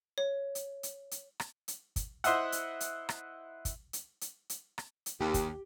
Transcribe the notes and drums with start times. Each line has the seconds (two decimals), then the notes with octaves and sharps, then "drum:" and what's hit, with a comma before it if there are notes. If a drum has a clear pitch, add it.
0.18 C#5
0.55 drum: hi-hat
0.83 drum: hi-hat
1.11 drum: hi-hat
1.40 drum: rim click
1.68 drum: hi-hat
1.96 drum: kick, hi-hat
2.24 E4 C5 D#5 E5 F#5, drum: hi-hat
2.52 drum: hi-hat
2.80 drum: hi-hat
3.09 drum: rim click
3.65 drum: kick, hi-hat
3.93 drum: hi-hat
4.21 drum: hi-hat
4.50 drum: hi-hat
4.78 drum: rim click
5.06 drum: hi-hat
5.21 D#2 G4
5.34 drum: kick, hi-hat